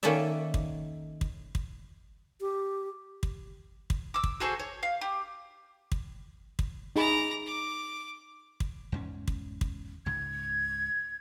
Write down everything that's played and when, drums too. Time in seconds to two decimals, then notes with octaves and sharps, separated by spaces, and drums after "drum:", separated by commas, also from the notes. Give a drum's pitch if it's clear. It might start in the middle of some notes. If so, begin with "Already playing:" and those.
0.03 D#3 A#3 C#4 A4 D5 E5
0.54 drum: kick
1.21 drum: kick
1.55 drum: kick
2.41 G4
3.23 drum: kick
3.90 drum: kick
4.14 D6 E6
4.24 drum: kick
4.40 F#4 G#4 A4 C5
4.60 C#5
4.83 F5
5.01 G4
5.92 drum: kick
6.59 drum: kick
6.96 D#4 G#4 A#5 B5 D6
7.46 D6
8.60 drum: kick
8.92 E2 G#2 C#4
9.28 drum: kick
9.61 drum: kick
10.06 C#2 G#2 C#3 G#6